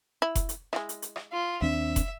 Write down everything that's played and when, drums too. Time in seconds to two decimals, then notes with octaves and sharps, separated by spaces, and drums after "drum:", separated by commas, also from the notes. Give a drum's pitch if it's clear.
0.22 E4
0.35 drum: kick F1, hi-hat
0.49 drum: hi-hat
0.73 G#3 E4, drum: rim click
0.89 drum: hi-hat
1.02 drum: hi-hat
1.16 drum: rim click
1.32 F4
1.62 D#2 C4 D4 E5
1.96 drum: kick F1, hi-hat